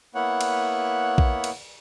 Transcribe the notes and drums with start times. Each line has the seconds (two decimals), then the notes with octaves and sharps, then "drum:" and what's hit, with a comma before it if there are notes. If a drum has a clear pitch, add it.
0.15 A#3 B3 E4 C#5 F#5
0.41 drum: cymbal
1.18 drum: kick A#1
1.44 drum: cymbal